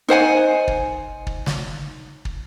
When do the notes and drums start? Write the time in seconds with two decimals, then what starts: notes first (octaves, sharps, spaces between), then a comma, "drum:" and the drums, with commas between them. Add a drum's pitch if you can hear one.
0.08 D#4 C5 F#5 G#5
0.68 drum: kick
1.27 drum: kick
1.46 drum: snare
2.25 drum: kick